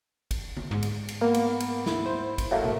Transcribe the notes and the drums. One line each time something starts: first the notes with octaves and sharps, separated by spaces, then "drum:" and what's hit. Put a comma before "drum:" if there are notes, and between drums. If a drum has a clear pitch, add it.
drum: kick, cymbal
drum: tom D3
G#2
drum: cymbal
drum: cymbal
A#3 B3
drum: cymbal
drum: cymbal
E4, drum: snare
C5
drum: kick, cymbal
F#3 A3 A#3
drum: tom